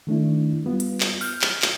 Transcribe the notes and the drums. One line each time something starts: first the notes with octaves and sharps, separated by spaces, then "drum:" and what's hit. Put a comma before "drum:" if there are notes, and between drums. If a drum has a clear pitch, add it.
D#3 A3 D4 E4
G3 B3 F4
drum: hi-hat
drum: clap
F6 G6, drum: open hi-hat
drum: clap
drum: clap